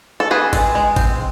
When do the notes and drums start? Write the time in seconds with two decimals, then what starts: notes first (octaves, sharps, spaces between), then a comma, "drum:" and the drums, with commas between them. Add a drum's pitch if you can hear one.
0.20 A4
0.31 C4 G#4 B4
0.53 G#3, drum: kick G#1, cymbal
0.75 G#3
0.96 C4, drum: kick G#1, cymbal